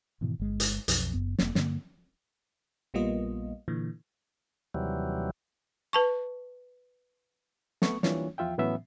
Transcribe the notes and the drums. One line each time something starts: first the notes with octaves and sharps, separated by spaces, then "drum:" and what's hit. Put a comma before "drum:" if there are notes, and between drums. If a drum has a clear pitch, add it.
G#2 B2 D#3 E3
G1 G#3
drum: hi-hat
B1 F2, drum: hi-hat
F#1 F#2 B3
F1 A#3, drum: snare
G2 D3 A#3, drum: snare
A#1 G3 A#3 B3 F4 D#5
A#2 D3 E3
D#2 C3 E3 F#3 G3
B4 A5 C#6
A3 B3 C#6, drum: snare
E3 G3 A#3 D4 F4 C#5, drum: snare
E2 F3 F4 E5 G5
A2 E3 F#3 B3 C#4 E5